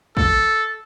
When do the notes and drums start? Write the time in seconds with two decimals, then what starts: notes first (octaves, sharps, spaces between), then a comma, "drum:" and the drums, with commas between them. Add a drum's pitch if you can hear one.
0.17 A4, drum: kick